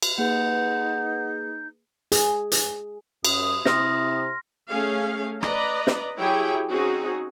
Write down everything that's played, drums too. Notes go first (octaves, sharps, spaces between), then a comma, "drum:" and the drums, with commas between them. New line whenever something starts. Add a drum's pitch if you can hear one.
drum: cymbal
A#3 D#4 G#4 B4 F#5 G6
G#4, drum: hi-hat
drum: hi-hat
F#2 D#6, drum: cymbal
C3 E4 C6 F6 A#6, drum: snare
A3 C#4 G#4 F5
B4 D5 D#5 A#5, drum: rim click
drum: snare
F#3 E4 G4 G#4 C#5 G5
C4 C#4 D#4 F#4 G#4